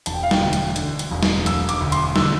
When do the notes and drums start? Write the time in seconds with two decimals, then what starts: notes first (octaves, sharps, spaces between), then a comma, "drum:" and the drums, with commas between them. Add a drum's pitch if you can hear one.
0.06 E1 A5, drum: hi-hat
0.14 G5
0.23 F5
0.31 G5, drum: snare
0.41 D2
0.53 drum: hi-hat
0.76 D3, drum: hi-hat
0.99 drum: hi-hat
1.11 E1
1.23 drum: snare
1.46 E1 E6, drum: hi-hat
1.69 D6, drum: hi-hat
1.81 D2
1.92 C6, drum: hi-hat
2.16 D3 E6, drum: snare